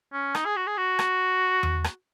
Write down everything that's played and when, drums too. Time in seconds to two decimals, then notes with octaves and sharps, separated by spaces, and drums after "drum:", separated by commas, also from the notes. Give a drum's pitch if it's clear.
0.13 C#4
0.35 D#4, drum: rim click
0.45 G#4
0.56 F#4
0.67 G#4
0.77 F#4
0.99 drum: rim click
1.63 drum: tom E2
1.84 drum: rim click